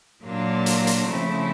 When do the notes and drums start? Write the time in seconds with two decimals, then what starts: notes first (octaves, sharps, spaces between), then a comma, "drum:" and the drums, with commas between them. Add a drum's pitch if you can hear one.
0.24 A#2 F#3 A#3 D4 F4
0.66 drum: hi-hat
0.87 drum: hi-hat
1.08 C#3 F3 A3 C4 E4